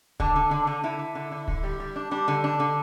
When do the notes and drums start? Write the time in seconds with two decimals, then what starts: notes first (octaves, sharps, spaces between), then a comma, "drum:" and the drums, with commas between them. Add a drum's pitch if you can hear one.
0.20 D3 D4, drum: kick D1
0.36 D3
0.51 D3
0.67 D3
0.84 D3 E4
0.99 D3
1.15 D3
1.32 D3
1.48 D3, drum: kick D1
1.63 G3
1.80 G3
1.96 D4
2.11 G3 D4
2.28 D3
2.44 D4
2.60 D3